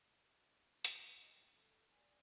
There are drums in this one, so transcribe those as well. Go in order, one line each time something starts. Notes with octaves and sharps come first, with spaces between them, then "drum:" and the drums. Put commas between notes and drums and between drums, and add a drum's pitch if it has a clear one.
C#4, drum: hi-hat
G#5
D#5 G5
A4
D5 G5 G#5